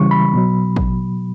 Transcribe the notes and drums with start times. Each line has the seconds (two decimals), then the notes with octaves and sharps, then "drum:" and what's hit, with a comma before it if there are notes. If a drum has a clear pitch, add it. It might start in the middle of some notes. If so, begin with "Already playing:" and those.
Already playing: C#3 E3 G3 C#6
0.11 B5
0.34 B2 F#3
0.76 drum: kick A1